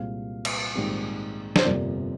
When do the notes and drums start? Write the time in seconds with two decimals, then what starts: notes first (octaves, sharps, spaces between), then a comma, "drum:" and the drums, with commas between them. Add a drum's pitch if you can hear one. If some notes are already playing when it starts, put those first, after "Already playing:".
Already playing: C2 A#2 G#3 C4 F5
0.45 drum: cymbal
0.75 A#1 G#2 D#3 G3 C4
1.56 C5, drum: snare
1.64 G1 F2 C3 F3 A#3 D5